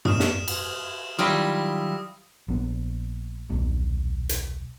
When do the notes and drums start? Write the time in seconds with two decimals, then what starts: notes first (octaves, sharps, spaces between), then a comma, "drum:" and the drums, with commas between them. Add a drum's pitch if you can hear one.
0.05 D#6 F6 E7, drum: tom
0.20 drum: snare
0.48 drum: cymbal
1.19 D#3 F#3 G3 E4 F4 D#6 A#6
2.48 A#1 B3
3.50 D#1 B1 B2
4.29 drum: hi-hat